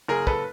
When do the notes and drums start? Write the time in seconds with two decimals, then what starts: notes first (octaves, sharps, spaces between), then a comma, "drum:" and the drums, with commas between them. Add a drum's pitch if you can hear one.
0.08 F#1 G#4 A#4
0.27 A4 B4, drum: kick